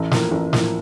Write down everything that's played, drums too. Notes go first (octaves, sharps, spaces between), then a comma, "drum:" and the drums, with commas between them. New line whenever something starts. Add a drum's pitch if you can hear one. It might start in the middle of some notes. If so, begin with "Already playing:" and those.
Already playing: A1
A2 F3 A#3, drum: snare
A1
A2 F3 A#3, drum: snare